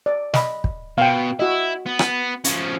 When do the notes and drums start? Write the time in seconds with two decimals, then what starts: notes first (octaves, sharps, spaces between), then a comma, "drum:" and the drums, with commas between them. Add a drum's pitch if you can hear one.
0.06 D5
0.34 D#5 B5, drum: snare
0.64 drum: kick
0.98 B2 F5 G5
1.39 E4 F#4 D#5
1.86 B3
1.99 drum: rim click
2.44 F3 C#4, drum: hi-hat